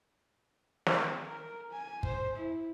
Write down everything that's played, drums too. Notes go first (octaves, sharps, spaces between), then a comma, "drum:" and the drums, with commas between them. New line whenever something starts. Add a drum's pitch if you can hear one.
drum: snare
A#4
G#5
C5, drum: kick
E4